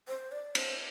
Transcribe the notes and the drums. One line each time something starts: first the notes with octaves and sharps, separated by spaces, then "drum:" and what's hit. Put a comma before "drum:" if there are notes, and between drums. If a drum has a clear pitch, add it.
C5
D5
C5, drum: cymbal